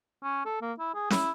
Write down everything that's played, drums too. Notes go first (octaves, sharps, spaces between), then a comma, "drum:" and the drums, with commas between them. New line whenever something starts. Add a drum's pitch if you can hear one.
C#4
A4
A#3
E4
G#4
E4, drum: snare C#4